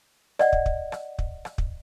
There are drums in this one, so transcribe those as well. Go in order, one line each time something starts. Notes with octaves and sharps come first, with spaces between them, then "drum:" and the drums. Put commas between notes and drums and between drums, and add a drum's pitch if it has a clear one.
D5 D#5 F#5, drum: rim click
drum: kick
drum: kick
drum: rim click
drum: kick
drum: rim click
drum: kick